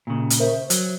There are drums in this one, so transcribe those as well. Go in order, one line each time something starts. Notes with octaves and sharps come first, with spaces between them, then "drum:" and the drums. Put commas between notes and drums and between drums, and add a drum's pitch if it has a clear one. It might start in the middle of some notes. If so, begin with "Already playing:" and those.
D#2 A#2 C#3
drum: hi-hat
A#4 C5 E5
C5
F#3, drum: hi-hat